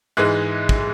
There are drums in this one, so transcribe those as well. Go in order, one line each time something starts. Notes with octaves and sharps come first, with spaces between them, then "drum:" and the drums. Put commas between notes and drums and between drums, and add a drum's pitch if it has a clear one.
G#2 E3 G#3 F#6
drum: kick